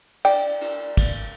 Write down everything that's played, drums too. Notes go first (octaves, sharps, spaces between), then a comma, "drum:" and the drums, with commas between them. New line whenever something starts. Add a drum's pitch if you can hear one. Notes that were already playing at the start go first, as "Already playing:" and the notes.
D5 G5, drum: cymbal
drum: cymbal
drum: kick, cymbal